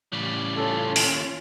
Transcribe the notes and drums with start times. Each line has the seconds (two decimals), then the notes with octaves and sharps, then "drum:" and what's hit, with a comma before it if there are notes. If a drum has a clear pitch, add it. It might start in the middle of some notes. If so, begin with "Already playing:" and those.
0.13 A2 C#3 E3 G3
0.57 C#4 F4 A4
0.96 D#2, drum: open hi-hat